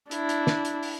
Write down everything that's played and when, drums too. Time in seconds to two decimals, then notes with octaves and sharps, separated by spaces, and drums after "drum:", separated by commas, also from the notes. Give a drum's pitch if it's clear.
0.11 D4 E4, drum: hi-hat
0.29 drum: hi-hat
0.47 drum: snare
0.65 drum: hi-hat
0.83 drum: open hi-hat